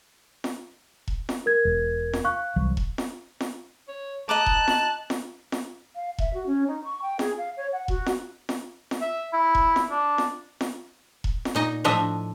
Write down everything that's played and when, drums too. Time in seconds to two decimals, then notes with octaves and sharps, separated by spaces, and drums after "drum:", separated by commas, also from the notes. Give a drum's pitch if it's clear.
0.44 drum: snare F4
1.08 drum: kick E1
1.29 drum: snare F4
1.46 A#4 G#6
1.65 E1
2.13 drum: snare F4
2.24 F5 C#6 F#6
2.56 C2 E3 F#3
2.77 drum: kick E1
2.98 drum: snare F4
3.40 drum: snare F4
3.88 C#5
4.29 D#5 A5 A#5 D6 F#6
4.46 drum: kick E1
4.68 drum: snare F4
5.10 drum: snare F4
5.52 drum: snare F4
5.95 F5
6.18 E5, drum: kick E1
6.33 F#4
6.46 C#4
6.67 D#4
6.84 C#6
7.02 G5
7.19 G#4, drum: snare F4
7.37 F5
7.57 C#5
7.72 F#5
7.88 F#4, drum: kick E1
8.06 drum: snare F4
8.49 drum: snare F4
8.91 drum: snare F4
9.01 E5
9.33 E4
9.55 drum: kick E1
9.76 drum: snare F4
9.91 D4
10.18 drum: snare F4
10.61 drum: snare F4
11.24 drum: kick E1
11.45 drum: snare F4
11.55 A#2 D#4 D#5
11.84 A2 F3 D4 D#5 E5